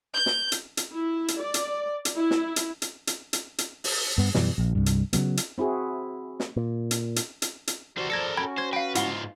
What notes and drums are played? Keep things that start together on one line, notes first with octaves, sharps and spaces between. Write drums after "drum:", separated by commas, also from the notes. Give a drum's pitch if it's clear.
G6
drum: snare
drum: hi-hat
drum: hi-hat
E4
drum: hi-hat
D5
drum: hi-hat
drum: hi-hat
E4
drum: snare
drum: hi-hat
drum: hi-hat
drum: hi-hat
drum: hi-hat
drum: hi-hat
drum: open hi-hat
G2 B3
F#2 B2 E3 G3, drum: snare
A#1
C2 G2
drum: hi-hat
C#3 F#3 B3, drum: hi-hat
drum: hi-hat
C4 E4 F#4 G#4
drum: snare
A#2
drum: hi-hat
drum: hi-hat
drum: hi-hat
drum: hi-hat
E3 G3 F#4 C5 D5
F3 A4 A#4 D5 G#6 A#6 C#7
C#4 F#4 G5 B5 G#6
C5 G#6
B4 F5 G5
G#2 E4 F4 F#5, drum: hi-hat